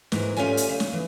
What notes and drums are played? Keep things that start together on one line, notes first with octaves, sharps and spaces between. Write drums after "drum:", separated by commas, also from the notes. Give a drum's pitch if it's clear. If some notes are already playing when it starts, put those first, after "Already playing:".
G#2 E3 A#4, drum: snare
G3 A3 C#4 F4 G#5
drum: hi-hat
C#3
drum: snare
E3